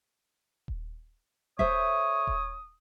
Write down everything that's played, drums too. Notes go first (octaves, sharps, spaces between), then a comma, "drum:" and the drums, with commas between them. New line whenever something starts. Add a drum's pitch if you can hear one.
drum: kick D#1
A4 C5 C#5 E5 D#6, drum: kick D#1
drum: kick D#1